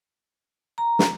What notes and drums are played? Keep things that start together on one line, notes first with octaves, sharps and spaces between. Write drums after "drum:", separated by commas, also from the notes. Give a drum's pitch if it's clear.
A#5
drum: snare